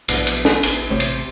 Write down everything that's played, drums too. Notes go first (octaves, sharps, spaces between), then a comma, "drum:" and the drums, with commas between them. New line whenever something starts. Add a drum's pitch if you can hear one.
A#1 B2 A3 B3 D4 E4, drum: cymbal
drum: cymbal
drum: snare
A1 E2, drum: cymbal
A1 A2 C3 C5 C#5
drum: cymbal